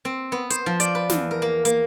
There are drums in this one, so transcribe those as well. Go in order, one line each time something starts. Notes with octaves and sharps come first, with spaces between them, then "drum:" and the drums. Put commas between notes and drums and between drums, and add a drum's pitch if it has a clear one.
C4
B3
C5, drum: hi-hat
F3
D5, drum: hi-hat
B4
E2, drum: snare
A#4
A#3
A#3, drum: hi-hat